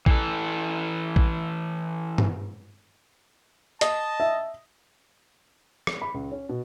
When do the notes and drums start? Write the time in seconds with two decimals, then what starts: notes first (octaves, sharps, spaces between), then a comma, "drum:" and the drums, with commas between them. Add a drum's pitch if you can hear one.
0.06 E3 A4, drum: kick A#1
1.16 drum: kick A#1
2.18 drum: tom G2
3.81 D#5 A5, drum: hi-hat
4.20 E5
5.87 drum: rim click
6.02 B5
6.14 C#2
6.32 C#4
6.49 B2